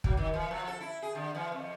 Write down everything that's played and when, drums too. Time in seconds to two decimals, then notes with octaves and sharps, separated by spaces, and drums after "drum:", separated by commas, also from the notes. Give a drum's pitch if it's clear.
0.04 F#3, drum: kick
0.17 D#3
0.34 E3
0.51 F3
0.67 A4
0.81 E4
1.02 G#4
1.15 D3
1.35 E3
1.52 F2